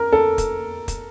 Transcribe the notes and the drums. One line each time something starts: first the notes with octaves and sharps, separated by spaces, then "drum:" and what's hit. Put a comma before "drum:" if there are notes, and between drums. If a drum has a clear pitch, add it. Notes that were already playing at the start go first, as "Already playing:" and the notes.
Already playing: A#4
A4
drum: kick, hi-hat
drum: kick, hi-hat